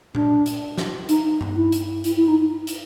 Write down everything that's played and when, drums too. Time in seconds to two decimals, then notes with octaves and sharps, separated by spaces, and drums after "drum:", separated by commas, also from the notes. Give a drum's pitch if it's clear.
0.15 D4, drum: tom A#2
0.46 drum: hi-hat
0.78 drum: snare
1.09 D#4, drum: hi-hat
1.41 drum: tom G2
1.56 E4
1.72 drum: hi-hat
2.04 E4, drum: hi-hat
2.17 E4
2.28 D#4
2.67 drum: hi-hat